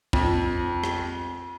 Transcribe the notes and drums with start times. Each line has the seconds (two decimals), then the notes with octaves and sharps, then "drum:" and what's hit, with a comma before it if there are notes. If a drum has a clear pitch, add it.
0.13 F2, drum: kick
0.84 drum: rim click